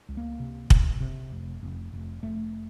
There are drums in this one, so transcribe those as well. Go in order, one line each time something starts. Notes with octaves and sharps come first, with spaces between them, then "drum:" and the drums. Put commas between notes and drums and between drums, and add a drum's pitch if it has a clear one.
C#2
A#3
C3
C3, drum: kick
C3
F1
F1
F1
F1 A3